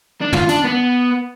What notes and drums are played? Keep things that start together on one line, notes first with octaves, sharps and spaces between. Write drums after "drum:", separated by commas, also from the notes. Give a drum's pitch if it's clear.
D4
F4, drum: tom
D4, drum: hi-hat
B3